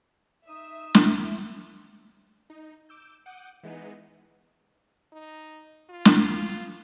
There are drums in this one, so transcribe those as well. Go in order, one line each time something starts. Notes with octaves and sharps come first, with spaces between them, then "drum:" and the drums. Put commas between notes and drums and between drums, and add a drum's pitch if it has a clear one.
D#4 E5 D#6
drum: snare
D#4
D6 E6 G6
F#5 D6 D#6 G6
E3 G#3 B3 D#4
D#4
F4
drum: snare